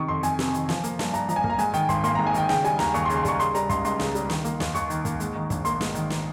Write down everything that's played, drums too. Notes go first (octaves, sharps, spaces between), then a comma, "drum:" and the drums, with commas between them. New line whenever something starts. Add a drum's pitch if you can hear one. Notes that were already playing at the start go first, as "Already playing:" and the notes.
Already playing: C3 D#3 C#6
F2 C6
F2 G#5, drum: hi-hat
C3, drum: snare
D#3, drum: hi-hat
F3, drum: snare
A#3, drum: hi-hat
G2, drum: snare
G2 A#5, drum: hi-hat
F3 A#5, drum: hi-hat
G#5
A#3, drum: kick
A#5
G#2 G#5, drum: hi-hat
D#3 G5, drum: hi-hat
G#1 C6, drum: kick, hi-hat
A#3 C6, drum: hi-hat
G#2 A#5
G#5
D#3 G5, drum: hi-hat
C#3 G5, drum: snare
G3 G#5, drum: hi-hat
D#2 A#5, drum: snare
D#2 C#6, drum: hi-hat
C6
C#3, drum: hi-hat
C6
G3 C#6, drum: kick, hi-hat
C#3 C6, drum: hi-hat
G3 A#5, drum: hi-hat
C#2 C6, drum: kick, hi-hat
C#2 C6, drum: hi-hat
C#3, drum: snare
G3, drum: hi-hat
D#3, drum: snare
A#3, drum: hi-hat
D#2, drum: snare
D#2 C#6, drum: hi-hat
D#3, drum: hi-hat
A#3, drum: kick, hi-hat
G#2, drum: hi-hat
D#3
A#1, drum: kick, hi-hat
A#3 C6, drum: hi-hat
G#2, drum: snare
D#3, drum: hi-hat
drum: snare